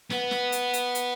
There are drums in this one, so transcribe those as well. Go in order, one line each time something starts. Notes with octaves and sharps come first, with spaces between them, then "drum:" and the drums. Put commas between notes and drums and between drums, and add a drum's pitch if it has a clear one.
B3, drum: snare
drum: snare
drum: hi-hat
drum: hi-hat
drum: hi-hat